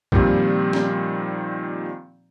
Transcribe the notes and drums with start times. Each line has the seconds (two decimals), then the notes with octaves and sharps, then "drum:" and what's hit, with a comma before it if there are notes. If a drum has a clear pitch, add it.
0.12 A#2 D#3 F3 G3 C4, drum: kick A#1
0.73 drum: snare